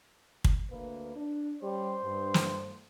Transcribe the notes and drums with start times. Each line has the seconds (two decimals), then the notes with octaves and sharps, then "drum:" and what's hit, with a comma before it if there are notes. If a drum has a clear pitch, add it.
0.44 drum: kick
0.70 D2 A#3 B4
1.15 D4
1.62 G3 C#4 G4 C5
2.03 G2
2.34 drum: snare